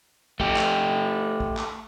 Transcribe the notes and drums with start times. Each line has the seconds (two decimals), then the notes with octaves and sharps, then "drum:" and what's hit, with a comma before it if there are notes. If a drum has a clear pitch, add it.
0.40 A3 G4, drum: kick
0.56 drum: clap
1.40 drum: kick
1.57 drum: clap